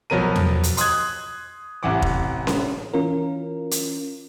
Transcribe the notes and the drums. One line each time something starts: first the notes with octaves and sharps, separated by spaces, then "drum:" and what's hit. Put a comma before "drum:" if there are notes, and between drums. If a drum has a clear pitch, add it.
B1 F3 F#3 B3 A#4 D#7
drum: tom E2
drum: hi-hat
C6 D#6 F#6 G#6, drum: hi-hat
A1 C3 E3 F#5 D6
drum: kick F1
drum: snare C#4
E3 C#4 F4 A#4
drum: hi-hat